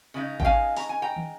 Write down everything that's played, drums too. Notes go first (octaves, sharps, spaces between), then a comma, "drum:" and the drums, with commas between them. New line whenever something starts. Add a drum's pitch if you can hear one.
C#3 G#3 D#4
G5, drum: kick G#1
F5 G#5
A#5, drum: open hi-hat
G#5
G5 A#5
drum: tom